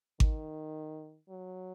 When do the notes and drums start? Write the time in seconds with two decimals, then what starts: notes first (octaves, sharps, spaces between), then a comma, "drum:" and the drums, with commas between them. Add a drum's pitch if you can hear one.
0.20 D#3, drum: kick G#1
1.29 F#3